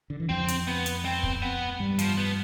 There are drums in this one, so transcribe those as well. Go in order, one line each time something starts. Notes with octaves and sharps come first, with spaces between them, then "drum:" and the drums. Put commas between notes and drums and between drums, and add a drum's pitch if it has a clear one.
D3
E3
F2 F3 C4
drum: hi-hat
B3
drum: hi-hat
C4
drum: kick
B3
G2 G3
F3, drum: hi-hat
B3